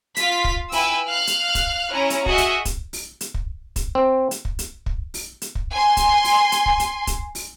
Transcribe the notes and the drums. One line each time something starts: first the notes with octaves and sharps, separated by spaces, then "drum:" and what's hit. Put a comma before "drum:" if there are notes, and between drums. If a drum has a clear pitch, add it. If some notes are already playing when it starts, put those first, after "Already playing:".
F4 F5 B6, drum: hi-hat
drum: kick
E4 B4 G5 G#5 B5 E6, drum: open hi-hat
F5 F6 F#6
drum: hi-hat
drum: kick, hi-hat
C#4 E4 A#5
drum: hi-hat
F#4 G#4 D#5 E5, drum: kick
drum: hi-hat
drum: kick, hi-hat
drum: open hi-hat
drum: hi-hat
drum: kick
drum: kick, hi-hat
C4
drum: hi-hat
drum: kick
drum: hi-hat
drum: kick
drum: open hi-hat
drum: hi-hat
drum: kick
G#5 C6
drum: kick, hi-hat
drum: open hi-hat
drum: hi-hat
drum: kick
drum: hi-hat
drum: kick, hi-hat
drum: open hi-hat